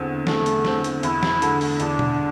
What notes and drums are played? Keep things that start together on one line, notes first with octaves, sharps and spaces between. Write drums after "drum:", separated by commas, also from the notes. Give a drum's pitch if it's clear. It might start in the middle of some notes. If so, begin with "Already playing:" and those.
Already playing: E2 D3 C4
E2 A3, drum: snare
drum: hi-hat
D3 C4, drum: snare
drum: hi-hat
E2 E4, drum: hi-hat
drum: snare
D3 A3, drum: hi-hat
drum: open hi-hat
E2 D4, drum: hi-hat
drum: tom